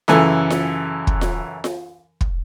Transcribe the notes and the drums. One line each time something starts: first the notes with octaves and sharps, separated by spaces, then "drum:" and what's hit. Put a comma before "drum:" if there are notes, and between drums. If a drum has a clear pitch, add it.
F#2 C#3 E3 A4 G#5, drum: snare F4
drum: snare F4
drum: kick
drum: snare F4
drum: snare F4
drum: kick